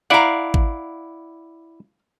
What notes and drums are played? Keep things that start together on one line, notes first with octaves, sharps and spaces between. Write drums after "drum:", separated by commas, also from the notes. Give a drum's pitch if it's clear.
E4 D5 F5 F#5 A#5
drum: kick G#1